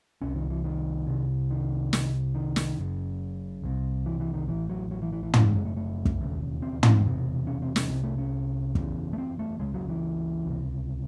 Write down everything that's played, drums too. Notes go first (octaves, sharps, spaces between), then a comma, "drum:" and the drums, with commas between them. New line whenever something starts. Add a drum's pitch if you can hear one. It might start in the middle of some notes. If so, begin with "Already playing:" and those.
C2 C3 C#4
D#3
E3
D#3
C2 C3
D#3
C2 C3, drum: snare
D#3
drum: snare
F#1 F#2 C#3
C2 C3
E3
E3
D#3
A1 A2 E3
F#3
F#3
E3
E3
E3
F#1 F#2 C#3 F#3, drum: tom
G#3
G#3
A3
A3
drum: kick
E1 D#2 C#3
C4
C4, drum: tom
E1 E2 C3
C#4
C4
C#4, drum: snare
C2 C3 C4
A3
C#4
F#1 E2 C#3, drum: kick
A3
C4
A3
C#2 C#3 G#3
F#3
E3
C#2 C3